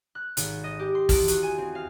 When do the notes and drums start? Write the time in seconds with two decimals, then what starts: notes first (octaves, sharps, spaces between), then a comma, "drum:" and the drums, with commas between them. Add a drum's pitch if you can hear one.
0.15 F#6
0.37 G#1, drum: hi-hat
0.64 D#5
0.79 G4
0.95 C6
1.09 E2, drum: kick, open hi-hat
1.28 F#4, drum: hi-hat
1.43 G#5
1.58 C4
1.75 F5